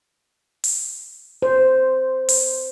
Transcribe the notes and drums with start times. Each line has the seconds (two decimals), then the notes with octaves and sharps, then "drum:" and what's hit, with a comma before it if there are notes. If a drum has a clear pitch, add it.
0.64 drum: open hi-hat
1.42 C5
2.29 drum: open hi-hat